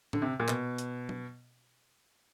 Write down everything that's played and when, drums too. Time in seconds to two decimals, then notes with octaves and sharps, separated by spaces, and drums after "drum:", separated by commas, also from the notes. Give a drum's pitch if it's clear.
0.13 D3, drum: tom A2
0.22 C3
0.40 A#2
0.48 B2, drum: clap
0.78 drum: hi-hat
1.09 drum: tom